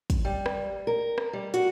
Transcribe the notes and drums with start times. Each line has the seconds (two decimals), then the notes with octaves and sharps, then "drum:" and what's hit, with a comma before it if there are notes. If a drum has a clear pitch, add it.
0.10 drum: kick, hi-hat
0.25 G3
0.46 drum: rim click
0.87 A#4
1.18 drum: rim click
1.33 G3
1.54 F#4, drum: hi-hat